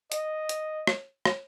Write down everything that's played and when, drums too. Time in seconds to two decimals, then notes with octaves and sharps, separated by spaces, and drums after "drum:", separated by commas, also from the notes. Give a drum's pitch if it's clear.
0.12 D#5, drum: hi-hat
0.49 drum: hi-hat
0.87 drum: rim click
1.25 drum: rim click